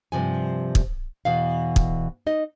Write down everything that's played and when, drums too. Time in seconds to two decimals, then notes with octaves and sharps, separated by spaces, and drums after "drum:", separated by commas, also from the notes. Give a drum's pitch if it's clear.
0.12 G2 C3 F3 G#5
0.75 drum: kick
1.25 E2 B2 E3 F5
1.76 drum: kick
2.27 D#4 D#5